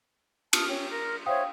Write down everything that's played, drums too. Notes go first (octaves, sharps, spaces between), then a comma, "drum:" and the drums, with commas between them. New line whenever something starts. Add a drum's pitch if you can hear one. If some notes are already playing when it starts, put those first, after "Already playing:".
A5 D#6 F6, drum: cymbal
C#4 G5
A#4 F6
C5 C#5 E5 F5 G5 D#6